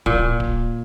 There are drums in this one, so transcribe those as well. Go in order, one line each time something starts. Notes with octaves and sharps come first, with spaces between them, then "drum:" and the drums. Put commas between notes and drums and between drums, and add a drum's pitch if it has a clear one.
A#2, drum: kick D1
drum: kick D1